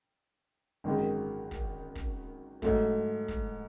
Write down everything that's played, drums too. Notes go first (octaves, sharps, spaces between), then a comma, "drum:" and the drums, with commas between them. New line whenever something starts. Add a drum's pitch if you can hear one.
G#1 F#2 D#3 G#3 D#4
drum: kick
drum: kick
G#2 F#3 A3, drum: kick
drum: kick